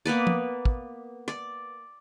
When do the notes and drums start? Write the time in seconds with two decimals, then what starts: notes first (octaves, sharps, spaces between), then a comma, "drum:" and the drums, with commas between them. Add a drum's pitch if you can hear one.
0.05 A#3 B3 B4 D5
0.27 drum: tom
0.65 drum: kick
1.28 D5, drum: rim click